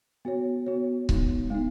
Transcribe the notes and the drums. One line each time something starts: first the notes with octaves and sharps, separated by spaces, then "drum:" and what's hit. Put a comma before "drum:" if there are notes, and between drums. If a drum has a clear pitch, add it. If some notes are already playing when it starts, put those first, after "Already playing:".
B3 F#4 C#5
B3 F#4 C#5
G#3 B3 D#4, drum: kick C#1
G#3 B3 D#4